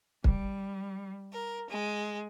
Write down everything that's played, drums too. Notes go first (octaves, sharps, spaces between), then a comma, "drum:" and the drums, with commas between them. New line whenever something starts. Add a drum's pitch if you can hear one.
G3, drum: kick
A#4
G#3